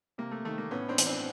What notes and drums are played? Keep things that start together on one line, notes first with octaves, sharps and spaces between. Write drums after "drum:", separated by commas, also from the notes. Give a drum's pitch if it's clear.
C3 A#3
A3
D#3 A3
A#3
A2 B3 C#4
C4 D4
E3, drum: hi-hat
C4 D4